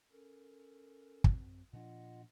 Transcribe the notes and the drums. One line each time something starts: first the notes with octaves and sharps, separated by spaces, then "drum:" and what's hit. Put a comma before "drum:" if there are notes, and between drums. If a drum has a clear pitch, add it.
C#4 A4 A#4
F#2 F#3 C4, drum: kick
A#2 F3 D4 F4 D#5 F#5